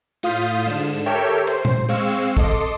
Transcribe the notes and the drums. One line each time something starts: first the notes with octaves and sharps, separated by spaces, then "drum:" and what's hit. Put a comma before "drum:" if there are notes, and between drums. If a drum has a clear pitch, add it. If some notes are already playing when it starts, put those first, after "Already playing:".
A2 F4 F5 D#6 G6 B6, drum: hi-hat
G#2 D3 E7
G4 A4 A#4 C#5 E5 G5
C5, drum: hi-hat
drum: tom
G#3 C4 F5 C#6 E6
A4 D#5 C6 D6, drum: kick